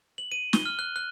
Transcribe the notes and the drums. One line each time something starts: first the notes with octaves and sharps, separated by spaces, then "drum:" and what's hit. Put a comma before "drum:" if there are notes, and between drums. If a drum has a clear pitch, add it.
F#7
D#7
G7, drum: snare
F6
F#6
F#6